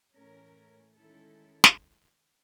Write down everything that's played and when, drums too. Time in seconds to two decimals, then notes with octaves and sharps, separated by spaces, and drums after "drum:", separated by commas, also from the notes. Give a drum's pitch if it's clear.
0.15 A2 E3 A3 C#4 A#4
0.95 D#3 G#3 C#4 E4 A4
1.64 drum: snare